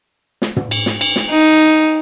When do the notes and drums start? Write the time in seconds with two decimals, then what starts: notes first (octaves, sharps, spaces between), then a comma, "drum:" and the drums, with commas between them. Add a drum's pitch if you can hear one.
0.42 drum: snare
0.56 drum: tom
0.71 drum: cymbal
0.86 drum: snare
1.01 drum: cymbal
1.16 drum: snare
1.31 D#4